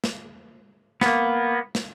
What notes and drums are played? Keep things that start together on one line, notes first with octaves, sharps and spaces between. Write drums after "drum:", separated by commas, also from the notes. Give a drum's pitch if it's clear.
drum: snare
A#3 B3, drum: snare
drum: snare